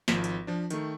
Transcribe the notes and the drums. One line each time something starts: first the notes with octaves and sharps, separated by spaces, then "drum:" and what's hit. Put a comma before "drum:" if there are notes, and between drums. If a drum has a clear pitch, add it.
G#1 F3 F4 A#6 B6 E7, drum: snare
drum: hi-hat
F3 D4
D#3 A3, drum: hi-hat